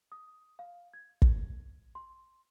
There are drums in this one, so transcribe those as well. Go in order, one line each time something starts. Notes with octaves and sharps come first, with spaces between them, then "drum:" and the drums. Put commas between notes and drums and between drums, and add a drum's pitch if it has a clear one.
D#6
F5
G#6
drum: kick
C6